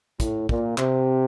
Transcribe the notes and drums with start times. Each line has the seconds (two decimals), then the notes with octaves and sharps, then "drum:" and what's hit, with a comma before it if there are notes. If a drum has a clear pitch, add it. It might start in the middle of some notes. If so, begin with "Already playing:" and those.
0.20 A2, drum: kick, hi-hat
0.49 A#2, drum: kick
0.78 C3, drum: clap